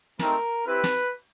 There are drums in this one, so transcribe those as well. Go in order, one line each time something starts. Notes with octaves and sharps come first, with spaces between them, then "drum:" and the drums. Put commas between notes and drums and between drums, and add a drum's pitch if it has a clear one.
A3 C4 D#4 A#4, drum: snare
C4 E4 G4 B4
drum: snare